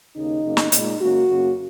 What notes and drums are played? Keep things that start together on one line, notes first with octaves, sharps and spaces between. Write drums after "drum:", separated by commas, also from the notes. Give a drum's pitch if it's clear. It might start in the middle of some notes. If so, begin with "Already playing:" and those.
D#2 C#3 A#3 D#4
F#2 C#3 A#3
drum: snare
A#2 G#3 D#4, drum: hi-hat
F#2 C#3 A#3 F#4
F#2 C#3 A#3